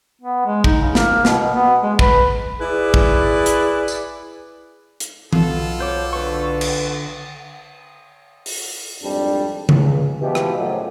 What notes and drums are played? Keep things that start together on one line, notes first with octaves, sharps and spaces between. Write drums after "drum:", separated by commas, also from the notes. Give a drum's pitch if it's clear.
B3
G#3
D#4, drum: kick
C#3
A#3, drum: snare
B2, drum: snare
B2
B3
G#3
B4, drum: kick
E4 G#4 B4 D5
drum: kick
drum: hi-hat
drum: tambourine
drum: hi-hat
B1 B2 F4 A4, drum: tom E3
C5 C#5 D6
D3 B4 C#6
drum: cymbal
drum: open hi-hat
G#1 F2 G3 D4
C#2, drum: tom C#3
B2 E3 F3 G4
drum: rim click
F#2 A2 C#3 F3 F#3